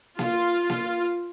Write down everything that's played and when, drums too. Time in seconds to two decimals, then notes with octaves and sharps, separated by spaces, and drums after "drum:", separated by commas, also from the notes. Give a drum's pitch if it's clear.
0.19 F4, drum: snare A#3
0.70 drum: snare A#3